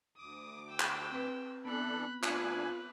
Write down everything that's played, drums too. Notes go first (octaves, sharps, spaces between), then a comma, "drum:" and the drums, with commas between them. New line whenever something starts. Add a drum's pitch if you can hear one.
D2 D6 D#6
G5 E6
drum: clap
C4 B4
E3 B3 D4 A4 B5 F#6
D2 D4 F4 B4 G#5 F#6, drum: clap